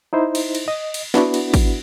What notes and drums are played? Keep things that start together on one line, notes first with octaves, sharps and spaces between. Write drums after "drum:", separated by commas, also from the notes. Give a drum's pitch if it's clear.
D#4 E4 C5
drum: cymbal
drum: cymbal
D#5
drum: cymbal
B3 D4 E4 F#4, drum: snare
drum: cymbal
drum: kick, cymbal